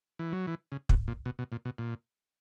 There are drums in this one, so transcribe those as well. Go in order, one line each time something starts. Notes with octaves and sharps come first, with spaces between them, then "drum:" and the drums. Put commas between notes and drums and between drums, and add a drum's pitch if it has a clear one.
E3
F#3
E3
C#3
B2, drum: kick
A#2
B2
B2
A#2
B2
A#2